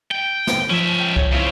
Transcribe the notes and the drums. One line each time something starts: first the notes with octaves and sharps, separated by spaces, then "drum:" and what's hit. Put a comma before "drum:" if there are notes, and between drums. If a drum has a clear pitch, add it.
G5
drum: snare
F3 C#4 E5
G5
drum: kick C2
C#3 C4 E4 F5